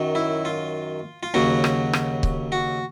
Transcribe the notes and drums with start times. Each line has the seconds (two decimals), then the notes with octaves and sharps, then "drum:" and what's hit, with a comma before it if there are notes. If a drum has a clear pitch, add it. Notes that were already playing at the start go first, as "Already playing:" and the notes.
Already playing: F#2 D#3 F#3
0.15 E4
0.45 F4
1.23 F4
1.34 D#2 C#3 F#3 F#4
1.64 drum: rim click
1.93 drum: rim click
2.23 drum: kick C#1
2.52 F#4